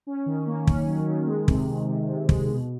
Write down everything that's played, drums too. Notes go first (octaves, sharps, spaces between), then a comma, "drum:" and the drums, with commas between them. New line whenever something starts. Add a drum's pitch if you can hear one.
C#4
D#3
A#3
C#4, drum: kick
F#3
D#3
G#3
C3, drum: kick
G#3
C3
C3
G#3, drum: kick
B2